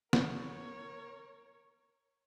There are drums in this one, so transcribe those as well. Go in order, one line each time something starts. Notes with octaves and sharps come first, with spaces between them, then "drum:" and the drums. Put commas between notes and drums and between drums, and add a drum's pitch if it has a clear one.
A#4 C#5, drum: snare